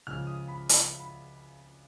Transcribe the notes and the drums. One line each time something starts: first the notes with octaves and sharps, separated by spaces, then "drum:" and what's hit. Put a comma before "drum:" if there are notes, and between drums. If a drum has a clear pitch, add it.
C#2 C#3 F3 F6
D#6
B5
B5, drum: hi-hat
B5